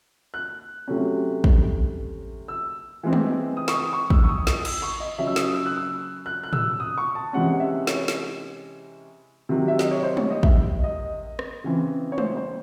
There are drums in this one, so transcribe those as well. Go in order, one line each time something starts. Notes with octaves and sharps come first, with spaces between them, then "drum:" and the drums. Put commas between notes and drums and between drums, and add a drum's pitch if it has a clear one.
F#6
C3 F#3 A3 C#4
drum: kick
E6
E3 G#3 C4
drum: tom
D#6
C#6, drum: snare
D#6
C#6
E6, drum: kick
C#6
D#6
D#6, drum: snare
E6, drum: cymbal
C#6
D#5
C#3 F#3 C#4 E5
E6
D#6, drum: snare
E6
F#6
E6
F#6
F#6
E6, drum: tom
D#6
C#6
A5
C3 E3 G#3 C#4 F#5
F#5
E5
C#5, drum: snare
drum: snare
C3 D#3 F#3
E5
D#5, drum: snare
C#5
C5
C#5, drum: tom
D#5
E5, drum: kick
D#5
D#5
drum: rim click
C#3 E3 C4
C#5
C5, drum: tom
C5